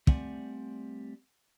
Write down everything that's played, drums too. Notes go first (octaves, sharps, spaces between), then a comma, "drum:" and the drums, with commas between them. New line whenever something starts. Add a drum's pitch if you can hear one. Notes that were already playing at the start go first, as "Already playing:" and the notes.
G3 A3 C4 D5 F#5 G#5, drum: kick